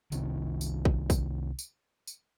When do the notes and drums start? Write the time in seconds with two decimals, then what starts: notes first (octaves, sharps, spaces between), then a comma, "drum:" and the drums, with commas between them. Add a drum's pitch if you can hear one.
0.12 C2 C3 D#3, drum: tambourine
0.61 drum: tambourine
0.85 drum: kick
1.10 drum: kick, tambourine
1.59 drum: tambourine
2.07 drum: tambourine